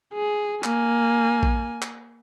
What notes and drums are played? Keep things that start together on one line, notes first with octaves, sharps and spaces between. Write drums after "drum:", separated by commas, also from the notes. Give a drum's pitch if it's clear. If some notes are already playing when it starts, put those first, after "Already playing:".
G#4
A#3 G#5, drum: clap
drum: kick A#1
drum: clap